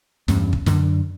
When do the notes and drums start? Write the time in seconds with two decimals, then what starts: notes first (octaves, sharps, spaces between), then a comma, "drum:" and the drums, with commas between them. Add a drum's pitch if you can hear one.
0.28 E2 G2 C#4, drum: snare
0.53 drum: kick
0.66 F#2 D3, drum: snare